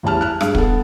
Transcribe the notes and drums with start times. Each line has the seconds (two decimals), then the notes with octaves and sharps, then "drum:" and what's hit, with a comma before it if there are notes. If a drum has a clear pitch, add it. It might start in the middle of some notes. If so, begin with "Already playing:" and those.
0.03 A1 E2 G3 A5 F6
0.21 F6 F#6
0.41 G2 G#4 F5, drum: rim click
0.55 B3 A4, drum: kick